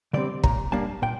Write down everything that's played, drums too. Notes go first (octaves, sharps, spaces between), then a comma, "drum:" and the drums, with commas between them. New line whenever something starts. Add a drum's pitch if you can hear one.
D3 G3 C4 D5
A#2 A#5, drum: kick
G3 A#3 D4 A5
A#2 G5